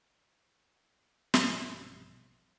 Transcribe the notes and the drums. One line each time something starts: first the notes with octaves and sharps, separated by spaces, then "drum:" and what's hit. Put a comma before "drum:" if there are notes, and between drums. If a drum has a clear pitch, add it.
A#1 G2 B2 E3 F3 G3, drum: snare